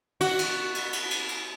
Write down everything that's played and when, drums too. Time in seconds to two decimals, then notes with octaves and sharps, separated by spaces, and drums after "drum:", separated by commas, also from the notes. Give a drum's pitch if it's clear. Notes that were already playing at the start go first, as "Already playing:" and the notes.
0.21 F#4, drum: cymbal
0.39 drum: cymbal
0.75 drum: cymbal
0.93 drum: cymbal
1.11 drum: cymbal
1.29 drum: cymbal